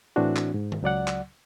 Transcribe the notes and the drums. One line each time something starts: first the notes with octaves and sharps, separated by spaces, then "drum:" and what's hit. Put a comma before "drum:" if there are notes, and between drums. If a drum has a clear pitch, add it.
A2 E3 C4 D4 F#4
drum: clap
G#2
drum: tom D#3
C#2 F#3 D5 F#5
drum: clap